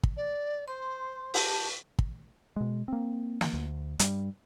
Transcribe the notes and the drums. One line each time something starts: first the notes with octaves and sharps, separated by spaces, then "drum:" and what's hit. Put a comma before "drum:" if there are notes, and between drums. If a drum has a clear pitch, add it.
drum: kick
D5
C5 C6
G4 A5, drum: open hi-hat
drum: kick
B2 G#3
A#3 C4
drum: snare
D2
G2 G3, drum: hi-hat